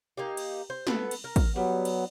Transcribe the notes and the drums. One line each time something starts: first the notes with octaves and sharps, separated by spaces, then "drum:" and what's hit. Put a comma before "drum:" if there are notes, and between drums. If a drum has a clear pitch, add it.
A#3 D#4 G4
drum: cymbal
C5
B3 A4 B4, drum: snare
drum: cymbal
A#4
drum: kick, cymbal
F#3 G3 B3
drum: cymbal